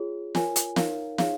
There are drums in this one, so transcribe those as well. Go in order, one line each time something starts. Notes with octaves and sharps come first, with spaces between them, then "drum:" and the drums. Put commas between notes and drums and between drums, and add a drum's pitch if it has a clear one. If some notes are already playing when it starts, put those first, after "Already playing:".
Already playing: F4 G#4 C#5
F4 A#4 C#5 G#5, drum: snare
drum: hi-hat
D#4 A#4 C#5 F5, drum: snare
D#4 G#4 C#5 F5, drum: snare